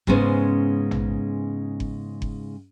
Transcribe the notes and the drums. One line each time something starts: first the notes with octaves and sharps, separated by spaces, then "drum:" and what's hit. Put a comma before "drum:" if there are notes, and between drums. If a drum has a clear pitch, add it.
G#2 C#3 G#3 B3 C#4 C5, drum: kick F#1
drum: tom A1
drum: kick F#1
drum: kick F#1